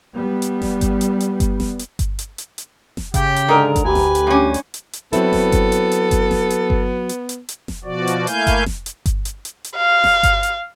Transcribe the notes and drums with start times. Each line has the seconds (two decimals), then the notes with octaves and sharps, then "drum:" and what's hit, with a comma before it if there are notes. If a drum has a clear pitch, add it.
0.15 G3 B3
0.42 drum: hi-hat
0.62 drum: snare F1
0.81 drum: kick G1, hi-hat
1.01 drum: hi-hat
1.20 drum: hi-hat
1.40 drum: kick G1, hi-hat
1.60 drum: snare F1
1.79 drum: hi-hat
1.99 drum: kick G1, hi-hat
2.19 drum: hi-hat
2.38 drum: hi-hat
2.58 drum: hi-hat
2.97 drum: snare F1
3.14 C#3 G4 G5, drum: kick G1, hi-hat
3.36 drum: hi-hat
3.48 G#2 D3 A#4
3.76 drum: kick G1, hi-hat
3.85 D2 G4 B4 G#5
3.95 drum: snare F1
4.15 drum: hi-hat
4.27 G2 C#4
4.54 drum: hi-hat
4.74 drum: hi-hat
4.93 drum: hi-hat
5.13 F#3 B3 C4 E4 A4, drum: hi-hat
5.33 drum: snare F1
5.52 drum: kick G1, hi-hat
5.72 drum: hi-hat
5.92 drum: hi-hat
6.11 drum: kick G1, hi-hat
6.31 drum: snare F1
6.50 drum: hi-hat
6.70 drum: kick G1
7.09 drum: hi-hat
7.29 drum: hi-hat
7.49 drum: hi-hat
7.68 drum: snare F1
7.84 B2 F3 F#4 D5
8.07 drum: hi-hat
8.27 A3 A#3 E4 F5 G#5 G6, drum: hi-hat
8.47 drum: kick G1, hi-hat
8.66 drum: snare F1
8.86 drum: hi-hat
9.06 drum: kick G1, hi-hat
9.25 drum: hi-hat
9.45 drum: hi-hat
9.64 drum: hi-hat
9.77 F5
10.04 drum: snare F1
10.23 drum: kick G1, hi-hat
10.43 drum: hi-hat